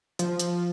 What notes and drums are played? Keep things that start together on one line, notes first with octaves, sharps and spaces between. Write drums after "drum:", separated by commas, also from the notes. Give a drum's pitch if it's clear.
F3, drum: hi-hat
drum: hi-hat